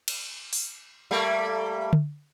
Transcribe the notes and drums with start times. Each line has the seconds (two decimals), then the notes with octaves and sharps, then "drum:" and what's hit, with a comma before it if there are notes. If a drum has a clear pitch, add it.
0.08 drum: cymbal
0.53 drum: open hi-hat
1.11 G3 A3 A#3
1.93 drum: tom D3